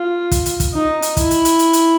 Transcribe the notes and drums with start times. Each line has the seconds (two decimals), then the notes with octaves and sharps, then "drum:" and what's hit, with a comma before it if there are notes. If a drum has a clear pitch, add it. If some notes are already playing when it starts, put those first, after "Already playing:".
Already playing: F4
0.31 drum: kick, hi-hat
0.46 drum: hi-hat
0.60 drum: kick, hi-hat
0.74 D#4
1.02 drum: hi-hat
1.17 E4, drum: kick, hi-hat
1.31 drum: hi-hat
1.45 drum: hi-hat
1.59 drum: hi-hat
1.73 drum: hi-hat